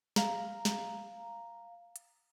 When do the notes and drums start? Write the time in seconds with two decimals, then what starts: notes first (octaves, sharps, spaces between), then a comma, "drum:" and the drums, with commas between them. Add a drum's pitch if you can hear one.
0.16 F5 A#5, drum: snare
0.65 drum: snare
1.96 drum: hi-hat